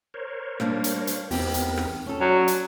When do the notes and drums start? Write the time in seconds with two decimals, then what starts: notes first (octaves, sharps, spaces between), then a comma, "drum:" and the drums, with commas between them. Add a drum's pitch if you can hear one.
0.14 A#4 C5 C#5
0.60 G3 A#3 D4, drum: rim click
0.84 drum: hi-hat
1.07 drum: hi-hat
1.31 E2 B3 C4 D#4 G4 A#4, drum: open hi-hat
1.54 drum: hi-hat
1.77 drum: rim click
2.06 C#4 A4
2.21 F#3 D5
2.48 drum: hi-hat